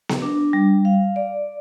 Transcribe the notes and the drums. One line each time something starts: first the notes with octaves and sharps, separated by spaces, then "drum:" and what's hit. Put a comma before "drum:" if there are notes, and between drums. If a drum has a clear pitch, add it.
drum: snare B3
D4
G3
F5
D5